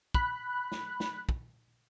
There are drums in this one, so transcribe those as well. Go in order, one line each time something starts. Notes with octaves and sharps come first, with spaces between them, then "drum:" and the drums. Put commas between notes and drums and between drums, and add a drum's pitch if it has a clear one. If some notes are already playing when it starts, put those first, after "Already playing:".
B5 F#6, drum: kick
drum: snare
drum: snare
drum: kick